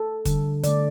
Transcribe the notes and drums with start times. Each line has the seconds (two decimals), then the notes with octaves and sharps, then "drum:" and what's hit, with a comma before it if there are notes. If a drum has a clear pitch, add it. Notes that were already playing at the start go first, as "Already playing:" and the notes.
Already playing: A4
0.25 D3 G3, drum: kick, hi-hat
0.64 D3 A3 D5, drum: hi-hat